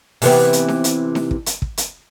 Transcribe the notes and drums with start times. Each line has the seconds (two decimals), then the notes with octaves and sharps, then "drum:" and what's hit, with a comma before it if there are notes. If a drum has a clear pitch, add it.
0.22 C3 E3 B3, drum: open hi-hat
0.53 drum: hi-hat
0.68 drum: snare D#4
0.84 drum: hi-hat
1.15 drum: snare D#4
1.31 drum: kick
1.46 drum: hi-hat
1.62 drum: kick
1.77 drum: hi-hat